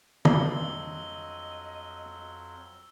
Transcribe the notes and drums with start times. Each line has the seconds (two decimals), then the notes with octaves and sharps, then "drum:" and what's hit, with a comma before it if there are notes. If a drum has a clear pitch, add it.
0.25 F2 F#3 G3 D4 C5 D#5 E6 G7, drum: tom